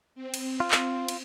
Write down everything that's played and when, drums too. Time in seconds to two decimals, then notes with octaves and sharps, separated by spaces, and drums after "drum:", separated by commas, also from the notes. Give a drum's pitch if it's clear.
0.15 C4
0.34 drum: cymbal
0.60 F4
0.71 drum: clap
1.08 drum: cymbal